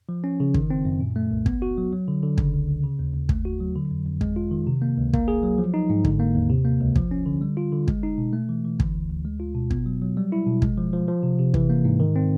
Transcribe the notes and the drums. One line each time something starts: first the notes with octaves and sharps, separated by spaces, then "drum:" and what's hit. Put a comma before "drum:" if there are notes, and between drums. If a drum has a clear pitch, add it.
F3
C#4
C#3
D#3, drum: kick
C4
F#2
A#2
A3
C2
B3, drum: kick
F#4
F#3
F#3
D3
D3
C#3, drum: kick
C#2
C#2
C#3
D#2
D#2
A3, drum: kick
F#4
F#3
D3
F2
F2
G#3, drum: kick
F4
D#3
C3
A#3
C#2
A#3, drum: kick
G#4
F#3
F3
D#4
G#2
D3, drum: kick
A#3
D#2
C3
A#3
C#2
F3, drum: kick
C#4
D3
G3
F4
D3
G#3, drum: kick
D#4
B2
A3
E3
E3
D3, drum: kick
D2
D2
G#3
F4
B2
B3, drum: kick
F#3
F#3
G3
E4
B2
G#3, drum: kick
F3
F3
F3
C3
C3
E3, drum: kick
A#3
G#2
D#3
C4